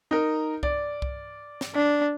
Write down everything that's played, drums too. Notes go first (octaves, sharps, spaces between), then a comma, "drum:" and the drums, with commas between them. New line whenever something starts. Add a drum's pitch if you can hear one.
D#4 A#4
D5, drum: kick C2
drum: kick C2
drum: snare
D4